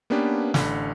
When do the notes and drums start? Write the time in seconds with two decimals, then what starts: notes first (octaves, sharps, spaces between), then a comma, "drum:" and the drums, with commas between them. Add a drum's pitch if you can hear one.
0.10 A#3 B3 C#4 D4 G4 B4
0.54 A1 D3 B5, drum: snare